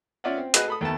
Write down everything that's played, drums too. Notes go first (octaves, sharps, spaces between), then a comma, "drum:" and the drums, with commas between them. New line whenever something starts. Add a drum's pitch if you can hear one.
C#4 F4 D5 E5 F#5
C4
F#4 G#4 B4 D#5 G#5 F#6, drum: hi-hat
A4 B5 D#6
D#2 A3 B3 A5